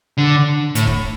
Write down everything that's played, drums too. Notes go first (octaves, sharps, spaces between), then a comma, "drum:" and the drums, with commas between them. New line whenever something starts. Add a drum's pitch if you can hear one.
D3
A2, drum: hi-hat
drum: kick